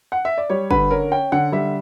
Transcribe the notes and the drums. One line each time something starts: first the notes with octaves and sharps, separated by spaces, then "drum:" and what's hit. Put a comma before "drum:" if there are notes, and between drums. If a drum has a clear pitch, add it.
F#5
E5
D5
G3 C#5
D3 B4, drum: kick
C#4 A#4
C#4 G5
D3 F#5
G3 E5